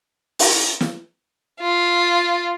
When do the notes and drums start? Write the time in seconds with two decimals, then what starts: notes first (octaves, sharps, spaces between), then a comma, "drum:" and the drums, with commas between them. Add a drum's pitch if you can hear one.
0.39 drum: open hi-hat
0.81 drum: snare
1.60 F4